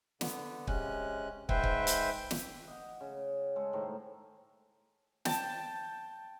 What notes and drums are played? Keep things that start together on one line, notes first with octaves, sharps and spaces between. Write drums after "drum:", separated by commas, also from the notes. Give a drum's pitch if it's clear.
D3 B3, drum: snare
C3 G#3 C#4 F#6, drum: kick
G#2 B4 C5 E5 G5, drum: kick
drum: kick
drum: hi-hat
drum: snare
D#5 F#5
C#3
G#3 A4
A2 D#3 C5 A#5
G5 A5, drum: snare